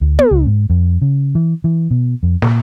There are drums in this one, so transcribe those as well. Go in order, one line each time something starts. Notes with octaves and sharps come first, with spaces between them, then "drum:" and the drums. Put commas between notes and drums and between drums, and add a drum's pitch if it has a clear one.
D2
B3, drum: tom
C#2
G#2
F2
C#3
E3
E3
B2
F2
A#2, drum: snare